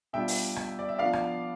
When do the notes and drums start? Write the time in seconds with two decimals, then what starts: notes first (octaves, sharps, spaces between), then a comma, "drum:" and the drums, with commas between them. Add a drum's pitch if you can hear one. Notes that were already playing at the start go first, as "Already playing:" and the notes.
0.13 B2 G3 D4 F4 E5 G5
0.28 drum: open hi-hat
0.56 drum: rim click
0.79 D5
0.89 E5
0.99 F3 B3 D4 D5 F5
1.13 drum: rim click